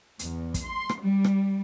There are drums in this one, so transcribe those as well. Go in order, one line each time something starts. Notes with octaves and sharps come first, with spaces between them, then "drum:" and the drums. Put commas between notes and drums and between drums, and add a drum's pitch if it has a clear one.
E2, drum: hi-hat
drum: kick, hi-hat
C6
drum: rim click
G3
drum: rim click